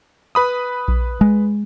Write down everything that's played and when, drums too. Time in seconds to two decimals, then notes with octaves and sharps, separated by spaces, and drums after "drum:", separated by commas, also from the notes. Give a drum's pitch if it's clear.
0.35 B4 B5 D#6
0.88 drum: kick A#1
1.21 G#3